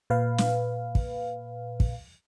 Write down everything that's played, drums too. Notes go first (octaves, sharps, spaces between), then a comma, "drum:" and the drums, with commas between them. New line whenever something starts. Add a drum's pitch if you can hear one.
A#2 B4 F5
drum: snare
drum: kick
drum: kick